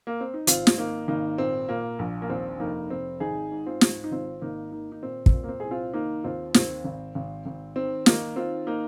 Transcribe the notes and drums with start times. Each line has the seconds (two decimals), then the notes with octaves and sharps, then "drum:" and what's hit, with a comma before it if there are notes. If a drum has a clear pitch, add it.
0.07 A#3
0.21 C4
0.34 D#4
0.47 G#1 C4 F4, drum: hi-hat
0.67 drum: snare
0.77 D#3 A#3 D#4
1.08 G#1 A#3 D#4
1.38 A#2 C4
1.68 A#2 A#3
1.99 A#1
2.22 A#3
2.30 D#2 C4
2.59 F1 A#3 D#4
2.90 F1 C4
3.20 G#1 D#4 G#4
3.52 G#2
3.66 C4 F4
3.81 G#2, drum: snare
4.04 D#4
4.11 G#1 C4 F4
4.41 G#1 A#3 D#4
4.72 D#3 A#3 D#4
4.92 D#4
5.03 A#2 C4
5.26 C4, drum: kick
5.33 A#2
5.44 A#3
5.48 C4
5.60 C2 G#4
5.71 C4 F4
5.93 D#3 A#3 D#4
6.24 D#2 C4 F4
6.54 D#2 C4, drum: snare
6.84 G#1
7.15 G#1
7.46 G#1
7.76 D#3 C4
8.06 D#3 A#3 D#4, drum: snare
8.36 D#3 C4 F4
8.67 A#3 D#4